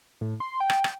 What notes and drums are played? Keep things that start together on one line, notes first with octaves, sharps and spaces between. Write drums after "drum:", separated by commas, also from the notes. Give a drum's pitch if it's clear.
A2
C6
G5
drum: rim click
drum: rim click